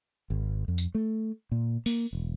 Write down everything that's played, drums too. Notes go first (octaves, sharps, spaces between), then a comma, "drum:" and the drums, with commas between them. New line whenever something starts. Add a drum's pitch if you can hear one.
G#1
F2
drum: tambourine
A3
A#2
A#3, drum: open hi-hat
E1